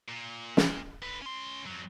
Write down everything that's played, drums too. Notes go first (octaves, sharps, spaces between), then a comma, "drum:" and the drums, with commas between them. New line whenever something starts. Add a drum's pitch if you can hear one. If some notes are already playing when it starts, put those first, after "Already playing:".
A#2
drum: snare
D3 B4
C#4 C6
F2 F#3